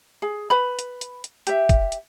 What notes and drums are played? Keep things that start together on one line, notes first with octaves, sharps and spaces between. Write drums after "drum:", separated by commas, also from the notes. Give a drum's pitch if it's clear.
G#4
B4 B5
drum: hi-hat
drum: hi-hat
drum: hi-hat
G4 E5, drum: hi-hat
drum: kick, hi-hat
drum: hi-hat